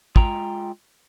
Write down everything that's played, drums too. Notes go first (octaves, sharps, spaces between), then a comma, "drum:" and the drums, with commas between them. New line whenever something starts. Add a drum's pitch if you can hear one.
G#3 F4 G5 A#5, drum: kick